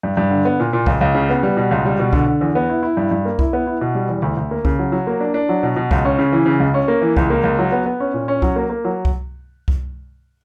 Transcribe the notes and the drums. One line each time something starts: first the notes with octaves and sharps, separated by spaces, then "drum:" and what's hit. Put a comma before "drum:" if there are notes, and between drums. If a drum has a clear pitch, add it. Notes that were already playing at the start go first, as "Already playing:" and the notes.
G2
G2
D3
B3
A#2
A#2
C#2, drum: kick C2
C#2
C#3
B3
G3
B2
C#2
G3
B2
D3, drum: kick C2
D3
E2
B3
E4
E4
G2
G2
A#3
E4, drum: kick C2
B3
E4
B2
G3
E2
D2
D2
A#3
C#3, drum: kick C2
F#3
F#3
A#3
D4
D4
F#3
B2
B2
C#2, drum: kick C2
C#4
C#3
E3
C#3
C#2
C#4
A#3
E3
C#2, drum: kick C2
A#3
C#2
F#3
B3
B3
C#4
A#2
C#4
F#3, drum: kick C2
A#3
A#3
F#3
drum: kick C2
drum: kick C2